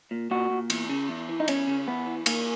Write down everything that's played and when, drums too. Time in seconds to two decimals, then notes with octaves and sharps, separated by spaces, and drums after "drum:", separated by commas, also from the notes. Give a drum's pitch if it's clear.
0.11 A#2
0.31 A#2 F#4
0.50 A#2
0.70 E2, drum: cymbal
0.90 C#3
1.09 E2
1.29 E3
1.40 D#4
1.48 E2 C#4, drum: cymbal
1.68 C#3
1.87 E2 B3
2.07 E3
2.26 D#3 A#3, drum: cymbal